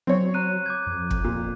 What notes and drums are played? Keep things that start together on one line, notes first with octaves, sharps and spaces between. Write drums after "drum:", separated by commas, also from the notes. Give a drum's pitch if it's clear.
F#3 C4 C#5
A#5 F#6 D#7
D6 G6 G#6
F2
drum: kick
A#2